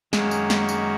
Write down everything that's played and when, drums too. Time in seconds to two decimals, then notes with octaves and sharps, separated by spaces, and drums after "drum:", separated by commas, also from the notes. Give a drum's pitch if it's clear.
0.13 F#2 D#3 F#3 G#3 A#3 C#4, drum: snare
0.31 drum: tambourine
0.50 drum: snare
0.69 drum: tambourine